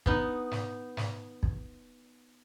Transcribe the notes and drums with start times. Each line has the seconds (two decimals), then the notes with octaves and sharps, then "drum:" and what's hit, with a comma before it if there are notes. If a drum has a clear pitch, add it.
0.06 B3 D#4, drum: kick
0.51 drum: snare
0.97 drum: snare
1.43 drum: kick